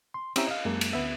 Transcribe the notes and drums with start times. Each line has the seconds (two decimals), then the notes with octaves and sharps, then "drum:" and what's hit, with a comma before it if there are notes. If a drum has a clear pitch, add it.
0.14 C6
0.36 C4 C#4 E4 G4 E5 A#5, drum: cymbal
0.47 D#5 F5
0.65 F#2 G#3 A#3
0.81 drum: cymbal
0.93 D2 B3 E5